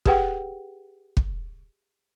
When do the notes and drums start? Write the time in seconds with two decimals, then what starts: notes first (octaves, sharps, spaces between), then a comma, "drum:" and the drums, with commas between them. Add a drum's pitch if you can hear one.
0.05 G4 G#4 B4 F#5 G5, drum: kick
1.17 drum: kick